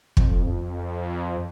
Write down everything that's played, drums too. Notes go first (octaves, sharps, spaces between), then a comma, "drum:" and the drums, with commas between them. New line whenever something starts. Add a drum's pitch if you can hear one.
F2, drum: kick
F2